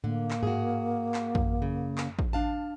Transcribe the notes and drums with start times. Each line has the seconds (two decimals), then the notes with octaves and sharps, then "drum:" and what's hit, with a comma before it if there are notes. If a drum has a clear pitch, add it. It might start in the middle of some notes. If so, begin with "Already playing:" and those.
0.04 A2 D3 A#3
0.31 drum: clap
0.43 G#2 F#4 G#4
1.14 drum: clap
1.35 F#2, drum: kick A1
1.62 C#3
1.98 drum: clap
2.19 drum: kick A1
2.33 D4 F5 A5